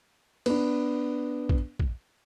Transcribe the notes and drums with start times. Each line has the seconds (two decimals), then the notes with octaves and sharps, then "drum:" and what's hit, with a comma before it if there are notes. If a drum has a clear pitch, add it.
0.46 B3 D4, drum: cymbal
1.49 drum: kick A#1
1.79 drum: kick A#1